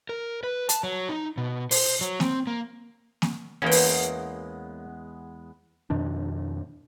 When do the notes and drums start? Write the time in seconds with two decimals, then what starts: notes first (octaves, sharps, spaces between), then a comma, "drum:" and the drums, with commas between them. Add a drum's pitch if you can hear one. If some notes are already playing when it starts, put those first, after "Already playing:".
0.09 A#4
0.43 B4
0.69 A5, drum: hi-hat
0.83 F#3
1.09 D#4
1.38 B2
1.71 C5, drum: open hi-hat
2.01 F#3
2.20 C4, drum: snare A#3
2.47 A#3
3.22 drum: snare A#3
3.62 E2 G#3 A#3 B3 C#4 G5
3.71 drum: open hi-hat
5.90 F2 B2 D#3 D4